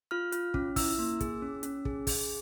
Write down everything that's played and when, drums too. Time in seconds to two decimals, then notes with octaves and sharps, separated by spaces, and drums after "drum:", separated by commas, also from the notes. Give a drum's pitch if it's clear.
0.11 F4 F6
0.32 F4, drum: hi-hat
0.54 C#4, drum: kick
0.76 E4 E6, drum: kick, open hi-hat
0.99 A#3
1.21 G#4, drum: kick, hi-hat
1.42 C#4
1.63 C#4, drum: hi-hat
1.85 G#4, drum: kick
2.07 G#4, drum: kick, open hi-hat